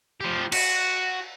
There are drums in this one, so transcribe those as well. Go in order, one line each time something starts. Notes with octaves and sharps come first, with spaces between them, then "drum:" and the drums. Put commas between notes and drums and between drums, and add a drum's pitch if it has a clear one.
F3 G4
F#4, drum: cymbal